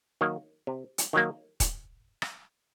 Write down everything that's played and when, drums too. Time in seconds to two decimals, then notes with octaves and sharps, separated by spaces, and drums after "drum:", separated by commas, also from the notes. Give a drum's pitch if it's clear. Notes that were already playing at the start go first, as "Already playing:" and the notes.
0.21 D#3 F#3 A#3
0.67 C3
0.98 drum: hi-hat
1.13 D#3 F#3 A#3
1.60 drum: kick D#1, hi-hat
2.22 drum: rim click